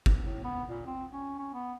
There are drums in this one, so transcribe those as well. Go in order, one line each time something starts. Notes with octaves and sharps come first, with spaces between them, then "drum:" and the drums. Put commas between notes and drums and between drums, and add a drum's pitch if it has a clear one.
drum: kick
A2
B3
A#2
C4
C#4
C#4
B3